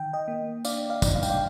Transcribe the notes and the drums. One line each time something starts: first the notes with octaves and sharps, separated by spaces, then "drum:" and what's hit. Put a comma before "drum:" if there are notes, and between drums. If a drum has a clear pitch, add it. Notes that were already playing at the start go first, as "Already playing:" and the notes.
Already playing: D#3 G5
D#5 G5
A#3
D4 D5 F5, drum: tambourine
D5 F5
D#3, drum: kick, tambourine
F5
G5, drum: tambourine
D5 F5